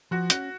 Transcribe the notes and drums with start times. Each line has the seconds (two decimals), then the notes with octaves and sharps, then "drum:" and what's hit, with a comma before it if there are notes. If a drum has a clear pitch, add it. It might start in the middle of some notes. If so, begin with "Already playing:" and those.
0.11 F3 F#4
0.30 C#4 F#4, drum: hi-hat